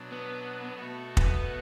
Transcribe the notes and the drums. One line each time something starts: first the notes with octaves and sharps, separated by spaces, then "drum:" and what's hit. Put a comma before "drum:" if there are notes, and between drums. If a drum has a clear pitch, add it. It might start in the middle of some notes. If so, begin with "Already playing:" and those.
Already playing: B2 F#3 D4
B3
B2 A3 F#4 A4
B3, drum: kick